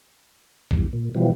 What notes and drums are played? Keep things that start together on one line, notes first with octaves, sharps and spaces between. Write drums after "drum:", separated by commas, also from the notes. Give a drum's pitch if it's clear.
E2 G2, drum: kick B1
A#2
B2 E3 F3 G3